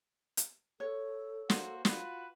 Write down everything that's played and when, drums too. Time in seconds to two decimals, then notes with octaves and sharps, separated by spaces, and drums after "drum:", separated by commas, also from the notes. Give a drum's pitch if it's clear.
0.37 drum: hi-hat
0.80 A4 C#5
1.50 A#3 F#4 C5, drum: snare
1.85 F4 F#4 B4, drum: snare